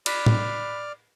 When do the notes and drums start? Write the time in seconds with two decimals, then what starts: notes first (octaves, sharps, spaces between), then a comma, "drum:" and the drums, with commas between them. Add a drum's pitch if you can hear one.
0.06 D5 B5 F6 F#6 B6, drum: cymbal
0.26 drum: tom A2